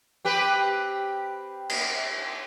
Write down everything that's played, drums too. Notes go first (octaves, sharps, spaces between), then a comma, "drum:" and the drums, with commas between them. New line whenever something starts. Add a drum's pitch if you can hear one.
C4 G4 B4
drum: cymbal